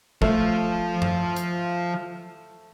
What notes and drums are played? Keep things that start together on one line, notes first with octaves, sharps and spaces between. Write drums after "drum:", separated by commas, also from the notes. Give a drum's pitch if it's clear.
F3 A3 F4, drum: kick
drum: tom F#2
drum: hi-hat